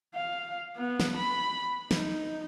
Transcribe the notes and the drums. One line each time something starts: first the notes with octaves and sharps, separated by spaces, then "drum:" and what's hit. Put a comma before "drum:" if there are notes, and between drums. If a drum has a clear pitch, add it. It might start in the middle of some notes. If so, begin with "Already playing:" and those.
F5
B3
drum: snare
B5
D#4, drum: snare